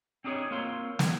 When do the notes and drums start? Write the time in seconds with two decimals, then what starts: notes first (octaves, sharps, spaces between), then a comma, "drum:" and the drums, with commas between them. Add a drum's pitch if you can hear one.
0.24 C4 D4 D#4 G#4 C#5
0.51 A#3 C4 F4 C#5 C6
0.99 F2, drum: snare